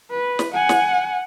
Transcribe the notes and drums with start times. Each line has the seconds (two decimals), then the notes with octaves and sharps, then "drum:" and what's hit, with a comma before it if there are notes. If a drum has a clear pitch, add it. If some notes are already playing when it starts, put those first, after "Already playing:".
0.11 B4
0.39 drum: snare
0.54 F#5 G#5
0.69 drum: snare